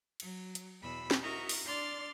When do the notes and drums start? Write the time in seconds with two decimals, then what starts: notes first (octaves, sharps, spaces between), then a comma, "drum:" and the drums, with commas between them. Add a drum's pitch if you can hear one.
0.20 F#3, drum: cymbal
0.55 drum: hi-hat
0.80 E2 B2 B5 E6
1.11 drum: snare
1.21 E4 F#4 A#4 D#5 A#5 C#6
1.49 drum: open hi-hat
1.64 D4 D5 C6 F6 A6